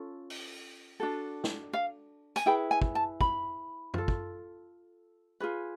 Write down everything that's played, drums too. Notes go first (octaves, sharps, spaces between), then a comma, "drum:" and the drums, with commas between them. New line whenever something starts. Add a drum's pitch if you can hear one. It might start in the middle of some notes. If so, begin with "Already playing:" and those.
Already playing: C#4 F4 A4
drum: open hi-hat
D4 F#4 A4
drum: snare
F5
G#5, drum: hi-hat
E4 G#4 B4 G5
G#5
drum: kick
A5
B5, drum: kick
F4 A4, drum: tom F#2
drum: kick
F4 G#4 B4